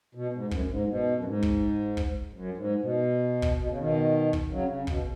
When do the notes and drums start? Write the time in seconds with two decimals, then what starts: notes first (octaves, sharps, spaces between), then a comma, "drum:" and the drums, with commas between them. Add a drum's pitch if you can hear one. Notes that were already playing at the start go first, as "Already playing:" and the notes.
0.15 B2
0.34 G#2
0.51 F#2, drum: kick
0.65 F#2
0.70 G#2
0.88 B2
1.16 F#2
1.25 G#2
1.43 drum: kick
1.97 drum: kick
2.33 F#2
2.57 G#2
2.82 B2
3.42 drum: kick
3.58 B2
3.69 C#3
3.78 B2 D#3
4.33 drum: kick
4.51 C#3 F#3
4.70 C#3
4.87 B2, drum: kick